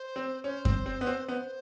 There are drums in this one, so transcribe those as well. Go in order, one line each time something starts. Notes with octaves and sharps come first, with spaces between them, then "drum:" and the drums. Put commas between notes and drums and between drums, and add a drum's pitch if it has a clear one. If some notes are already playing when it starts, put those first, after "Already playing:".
Already playing: C5
C4
C#4 C5
C4, drum: kick F#2
C4
B3
C4
B3 C5